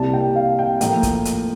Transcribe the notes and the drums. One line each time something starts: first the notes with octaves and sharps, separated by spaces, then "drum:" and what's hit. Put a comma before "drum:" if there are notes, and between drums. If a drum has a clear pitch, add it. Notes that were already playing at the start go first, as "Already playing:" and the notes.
Already playing: C2 C3 G3 A#3 A5
G5
F5
G5
A2 F3 A#3 G5, drum: hi-hat
drum: kick, hi-hat
drum: hi-hat